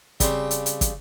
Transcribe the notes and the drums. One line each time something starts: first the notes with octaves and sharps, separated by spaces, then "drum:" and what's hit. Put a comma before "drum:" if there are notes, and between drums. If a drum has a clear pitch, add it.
C#3 G3 C4, drum: kick, hi-hat
drum: hi-hat
drum: hi-hat
drum: kick, hi-hat